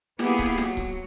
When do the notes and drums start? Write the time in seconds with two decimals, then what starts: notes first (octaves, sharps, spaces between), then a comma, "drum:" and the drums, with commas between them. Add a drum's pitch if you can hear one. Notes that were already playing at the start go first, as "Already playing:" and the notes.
0.19 A#3 B3 E4 F4 G4 G#4, drum: snare
0.39 drum: kick C#1, hi-hat
0.58 F#3, drum: snare
0.77 drum: kick C#1, hi-hat